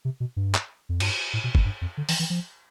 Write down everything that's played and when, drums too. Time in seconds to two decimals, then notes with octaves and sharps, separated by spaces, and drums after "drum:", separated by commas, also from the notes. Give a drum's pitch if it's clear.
0.05 C3
0.20 B2
0.36 G2
0.55 drum: clap
0.89 F2
1.00 G2, drum: cymbal
1.33 A2
1.44 B2
1.55 F2, drum: kick
1.65 G2
1.81 F2
1.97 D3
2.09 E3, drum: open hi-hat
2.19 E3
2.30 F3